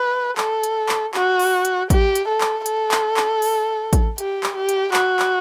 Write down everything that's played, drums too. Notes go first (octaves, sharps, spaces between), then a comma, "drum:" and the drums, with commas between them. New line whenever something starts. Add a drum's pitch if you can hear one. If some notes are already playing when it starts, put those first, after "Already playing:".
Already playing: B4
A4, drum: clap
drum: hi-hat
drum: clap
F#4, drum: clap
drum: open hi-hat
drum: hi-hat
G4, drum: kick A1, hi-hat
drum: hi-hat
A4
drum: clap
A4, drum: hi-hat
drum: clap
drum: clap
drum: open hi-hat
drum: kick A1, hi-hat
G4, drum: hi-hat
drum: clap
G4
drum: hi-hat
F#4, drum: clap
drum: clap